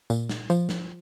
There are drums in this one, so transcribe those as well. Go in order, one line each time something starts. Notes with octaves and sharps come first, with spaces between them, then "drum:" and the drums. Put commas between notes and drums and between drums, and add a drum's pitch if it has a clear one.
A#2, drum: tambourine
drum: snare
F3, drum: tambourine
drum: snare